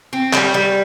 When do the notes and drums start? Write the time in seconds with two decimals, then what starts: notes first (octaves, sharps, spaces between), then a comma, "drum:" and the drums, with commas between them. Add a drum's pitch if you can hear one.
0.13 C4
0.33 G3, drum: clap
0.54 G3